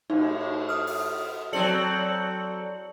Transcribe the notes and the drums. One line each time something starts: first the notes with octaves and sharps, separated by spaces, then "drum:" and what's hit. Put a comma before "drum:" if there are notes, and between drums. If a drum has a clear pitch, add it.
A2 D#4, drum: cymbal
D#6 F6
drum: open hi-hat
F#3 C4 A4 D5 C#7 F#7